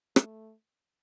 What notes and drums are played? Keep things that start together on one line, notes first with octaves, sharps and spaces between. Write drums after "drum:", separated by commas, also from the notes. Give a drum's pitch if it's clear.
A3, drum: rim click